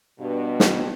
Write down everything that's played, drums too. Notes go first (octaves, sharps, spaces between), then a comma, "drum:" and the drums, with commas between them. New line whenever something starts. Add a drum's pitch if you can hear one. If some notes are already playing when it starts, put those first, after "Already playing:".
G2 B2
drum: snare